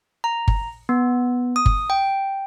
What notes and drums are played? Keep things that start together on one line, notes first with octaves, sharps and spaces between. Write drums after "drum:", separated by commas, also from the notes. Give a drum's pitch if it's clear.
A#5
drum: kick G1
B3
D#6
drum: kick G1
G5